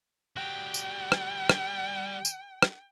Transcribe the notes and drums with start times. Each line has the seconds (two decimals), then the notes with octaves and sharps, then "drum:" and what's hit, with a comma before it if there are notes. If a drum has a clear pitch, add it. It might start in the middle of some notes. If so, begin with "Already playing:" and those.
0.36 G3 F#4 G5
0.74 drum: tambourine
1.12 drum: rim click
1.49 drum: rim click
2.25 drum: tambourine
2.62 drum: rim click